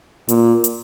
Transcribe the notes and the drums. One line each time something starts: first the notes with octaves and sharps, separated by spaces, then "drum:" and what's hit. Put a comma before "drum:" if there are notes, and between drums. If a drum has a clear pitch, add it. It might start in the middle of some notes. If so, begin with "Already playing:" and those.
A#2, drum: hi-hat
drum: hi-hat